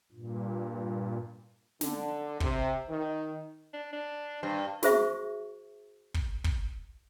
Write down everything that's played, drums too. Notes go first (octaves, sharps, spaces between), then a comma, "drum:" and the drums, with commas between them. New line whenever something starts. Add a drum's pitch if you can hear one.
G2 A#2
D3, drum: snare
C3, drum: kick
D#3
D4
D4
G2 C5
F#4 G#4 C5 E5 C#6, drum: snare
drum: kick
drum: kick